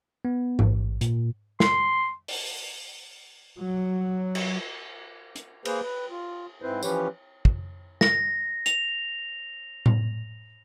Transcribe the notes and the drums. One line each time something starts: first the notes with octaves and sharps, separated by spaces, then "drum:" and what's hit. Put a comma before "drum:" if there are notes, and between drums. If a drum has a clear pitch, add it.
B3
A1, drum: tom G#2
A#2, drum: hi-hat
C6, drum: snare
drum: open hi-hat
F#3
drum: cymbal
drum: hi-hat
A#3 G#4 B4 C5, drum: cymbal
B4
F4
G#2 C4 E4 B4 C5
E3 F3 C#4 G4 B4 C#5, drum: tambourine
drum: kick
A#6, drum: snare
F7, drum: hi-hat
drum: tom A2